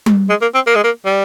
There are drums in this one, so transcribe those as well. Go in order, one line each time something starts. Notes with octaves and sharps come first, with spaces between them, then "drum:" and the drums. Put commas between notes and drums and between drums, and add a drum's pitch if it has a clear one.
drum: tom G3
G#3
A#3
C4
A#3
G#3
A#3
G3